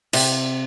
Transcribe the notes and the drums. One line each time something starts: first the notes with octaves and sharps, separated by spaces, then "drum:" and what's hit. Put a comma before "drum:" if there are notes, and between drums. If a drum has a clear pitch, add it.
C3 G4, drum: cymbal